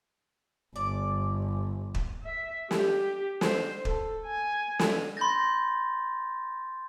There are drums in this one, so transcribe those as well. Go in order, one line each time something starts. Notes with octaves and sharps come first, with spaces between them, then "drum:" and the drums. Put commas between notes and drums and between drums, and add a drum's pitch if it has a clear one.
G1 D5
drum: kick
E5
G4, drum: snare
C5, drum: snare
A4, drum: kick
G#5
drum: snare
B5 C6 G6 A6 A#6